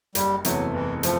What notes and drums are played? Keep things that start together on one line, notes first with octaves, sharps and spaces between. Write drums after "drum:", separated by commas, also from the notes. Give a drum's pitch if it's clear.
F#1 G3, drum: hi-hat
E2 C3 E3 F#3 A3, drum: hi-hat
F#1 E3
F3 A3, drum: hi-hat